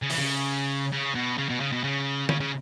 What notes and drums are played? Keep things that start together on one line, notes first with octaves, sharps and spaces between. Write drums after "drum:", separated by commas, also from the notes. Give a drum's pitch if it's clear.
C#3
E3, drum: open hi-hat
C#3
C#3
B2
C#3
B2
C#3
B2
C#3
C#3, drum: tom
C#3